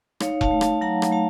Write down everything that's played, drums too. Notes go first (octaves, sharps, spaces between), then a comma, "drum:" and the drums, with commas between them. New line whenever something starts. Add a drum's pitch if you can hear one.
D#4 C#5 F5, drum: rim click
F5 A5, drum: kick E1
A3
F5 A5, drum: rim click
F#3 F#5 A#5
drum: rim click
A3 F5 A5